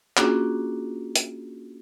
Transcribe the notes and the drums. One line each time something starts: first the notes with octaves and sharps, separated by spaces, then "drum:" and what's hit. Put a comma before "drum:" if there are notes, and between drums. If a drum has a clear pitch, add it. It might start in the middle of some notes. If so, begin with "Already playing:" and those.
A#3 C#4 D4 F4 F#4 G#4, drum: clap
drum: hi-hat